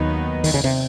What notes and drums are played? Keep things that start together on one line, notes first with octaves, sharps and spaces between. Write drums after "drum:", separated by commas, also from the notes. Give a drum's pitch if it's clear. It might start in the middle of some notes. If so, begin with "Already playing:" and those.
Already playing: D#2 D#3 F#3 B3 D#4
D#3, drum: open hi-hat
C#3
C3